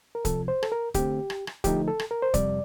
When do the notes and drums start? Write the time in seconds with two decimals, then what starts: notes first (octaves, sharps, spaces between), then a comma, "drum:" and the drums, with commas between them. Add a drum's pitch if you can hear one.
0.15 A#4
0.25 C2 C3 F3 A4, drum: kick C#1, hi-hat
0.48 C5
0.63 A4, drum: rim click
0.72 A#4
0.94 D3 A3 C4 G4, drum: kick C#1, hi-hat
1.30 drum: rim click
1.47 drum: rim click
1.64 D3 F3 A3 D#4 G4, drum: kick C#1, hi-hat
1.88 A4
1.99 drum: rim click
2.11 A#4
2.22 C5
2.34 F2 C3 G3 D5, drum: kick C#1, hi-hat